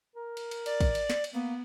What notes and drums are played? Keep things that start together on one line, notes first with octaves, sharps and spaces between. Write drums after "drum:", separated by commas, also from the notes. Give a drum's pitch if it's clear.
A#4
drum: cymbal
drum: cymbal
D5, drum: cymbal
drum: kick, cymbal
drum: cymbal
drum: snare
drum: cymbal
A#3 B3